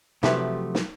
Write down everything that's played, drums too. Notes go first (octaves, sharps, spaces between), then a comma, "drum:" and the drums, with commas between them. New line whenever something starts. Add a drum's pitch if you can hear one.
C3 F3 F#3 A3 G4 B4, drum: snare
drum: snare